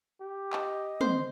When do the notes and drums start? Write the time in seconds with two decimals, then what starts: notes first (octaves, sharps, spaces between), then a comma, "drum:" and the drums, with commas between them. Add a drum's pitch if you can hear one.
0.22 G4
0.53 D#5, drum: clap
1.01 C4 C5, drum: tom